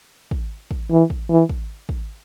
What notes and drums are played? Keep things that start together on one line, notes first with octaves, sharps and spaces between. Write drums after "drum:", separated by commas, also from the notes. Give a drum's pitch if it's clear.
drum: kick
drum: kick
E3
drum: kick
E3
drum: kick
drum: kick